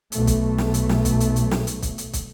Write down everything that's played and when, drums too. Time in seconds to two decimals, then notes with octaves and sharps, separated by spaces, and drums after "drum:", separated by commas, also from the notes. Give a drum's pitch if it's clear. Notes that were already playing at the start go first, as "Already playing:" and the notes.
0.12 B1 A3, drum: hi-hat
0.27 drum: kick, hi-hat
0.58 drum: snare
0.74 drum: hi-hat
0.89 drum: snare
1.05 drum: kick, hi-hat
1.20 drum: hi-hat
1.36 drum: hi-hat
1.51 drum: snare
1.67 drum: hi-hat
1.82 drum: kick, hi-hat
1.98 drum: hi-hat
2.13 drum: kick, hi-hat